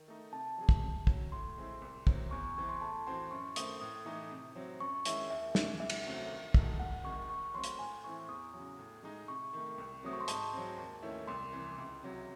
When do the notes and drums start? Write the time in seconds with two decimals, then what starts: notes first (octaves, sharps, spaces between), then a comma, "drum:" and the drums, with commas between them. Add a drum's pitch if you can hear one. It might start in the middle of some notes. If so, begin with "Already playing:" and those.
Already playing: D#3
0.08 A3 D#4
0.32 C3 A5
0.58 F#3 C#4 G#4
0.69 drum: kick
0.82 C3
1.07 F#3 C#4, drum: kick
1.32 A2 C6
1.57 G#3 C4 E4
1.82 C2
2.07 C3 F#3 C4, drum: kick
2.31 E2 C#6
2.44 C#6
2.57 C3 E3 C4 C#6
2.69 C6
2.81 A2 A5
3.06 E3 C4 F#4 C6
3.31 F#2 C#6
3.56 D#3 A3 C4 D#6, drum: hi-hat
3.81 A2 D#6
4.05 E3 A3 D#4
4.31 C3
4.55 F#3 C4
4.80 F#2 C#6
5.05 D#3 G#3 C#4 E4 E5, drum: hi-hat
5.30 D#2 E5
5.55 C#3 E3 G#3, drum: snare
5.80 C2 E5
5.90 drum: cymbal
6.05 C3 F#3 A3 C4
6.30 D#3
6.54 G#3 D#4 F#4 A4, drum: kick
6.79 C2 F#5
7.04 C3 D#3 G#3 C#6
7.30 D#3 C#6
7.54 F#3 A3 C4 C6
7.64 drum: hi-hat
7.79 A2 G#5
8.04 E3 C4 E4 C#6
8.29 E2 D#6
8.54 C#3 F#3
8.79 A2
9.03 G#3 D#4
9.28 C3 C#6
9.53 D#3 A3
9.78 C2
10.03 C3 F#3 A3 C4 D#6
10.13 C#6
10.21 C6
10.28 G#2 A5, drum: hi-hat
10.53 F#3 C4
10.77 D#2
11.02 D#3 A3 C#4 E4
11.28 C2 C6
11.53 C3 E3
11.78 C#2
12.03 C3 F#3